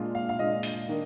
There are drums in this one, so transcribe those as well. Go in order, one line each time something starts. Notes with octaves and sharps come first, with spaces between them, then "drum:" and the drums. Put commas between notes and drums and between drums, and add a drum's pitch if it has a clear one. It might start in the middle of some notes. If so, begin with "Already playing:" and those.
Already playing: A#2 G#3 D4 F4
F5
F5
A#2 G#3 D4 F4 D#5
drum: open hi-hat
D#3 A#3 D4